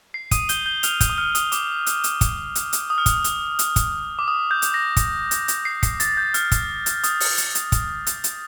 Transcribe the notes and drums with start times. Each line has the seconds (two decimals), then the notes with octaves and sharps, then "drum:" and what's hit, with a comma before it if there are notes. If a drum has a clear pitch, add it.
0.14 C7
0.31 D#6 D#7, drum: kick, hi-hat
0.49 G6 G7, drum: hi-hat
0.66 G6 G7
0.83 F6 F7, drum: hi-hat
1.01 G6, drum: kick, hi-hat
1.10 D#6
1.18 F6
1.35 D#6, drum: hi-hat
1.52 D6, drum: hi-hat
1.86 drum: hi-hat
2.04 drum: hi-hat
2.21 drum: kick, hi-hat
2.55 drum: hi-hat
2.73 drum: hi-hat
2.90 D#6
2.98 F6
3.06 D#6, drum: kick, hi-hat
3.24 drum: hi-hat
3.59 drum: hi-hat
3.76 drum: kick, hi-hat
4.19 D6
4.28 D#6
4.51 G6
4.62 drum: hi-hat
4.74 A#6
4.97 drum: kick, hi-hat
5.31 drum: hi-hat
5.48 drum: hi-hat
5.65 C7
5.83 C7, drum: kick, hi-hat
6.00 A6, drum: hi-hat
6.17 G6
6.34 F6, drum: hi-hat
6.52 drum: kick, hi-hat
6.86 drum: hi-hat
7.04 D#6, drum: hi-hat
7.20 drum: open hi-hat
7.38 drum: hi-hat
7.55 drum: hi-hat
7.72 drum: kick, hi-hat
8.07 drum: hi-hat
8.24 drum: hi-hat